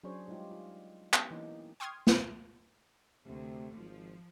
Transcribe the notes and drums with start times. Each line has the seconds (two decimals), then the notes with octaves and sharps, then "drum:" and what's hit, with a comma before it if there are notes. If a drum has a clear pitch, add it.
0.04 F#3 C#4 D4 G#4 C5 C#5
0.28 G3 G#3 D#4 F4 G4
0.51 F4
1.13 B3 C#4 G4, drum: clap
1.31 E3 A#3 D#4
1.80 G5 C6 C#6 D#6 F6 G#6
2.07 drum: snare
3.26 D2 C3
3.77 G#1 F3